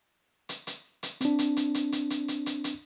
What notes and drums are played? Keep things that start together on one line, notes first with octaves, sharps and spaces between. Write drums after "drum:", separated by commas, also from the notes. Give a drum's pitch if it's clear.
drum: hi-hat
drum: hi-hat
drum: hi-hat
C4 D4, drum: hi-hat
drum: hi-hat
drum: hi-hat
drum: hi-hat
drum: hi-hat
drum: hi-hat
drum: hi-hat
drum: hi-hat
drum: hi-hat